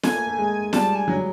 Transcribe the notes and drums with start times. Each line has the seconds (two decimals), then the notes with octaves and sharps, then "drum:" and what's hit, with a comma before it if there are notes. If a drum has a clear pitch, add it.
0.03 A3 G#5, drum: snare
0.15 A#3
0.27 A3
0.38 G#3
0.73 G3 A5, drum: snare
0.95 G#5
1.08 F#3